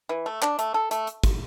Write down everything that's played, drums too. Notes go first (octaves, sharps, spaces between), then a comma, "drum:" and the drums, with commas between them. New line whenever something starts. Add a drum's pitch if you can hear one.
E3
A3
D4, drum: clap
A3, drum: hi-hat
A4
A3, drum: hi-hat
drum: hi-hat
drum: kick, hi-hat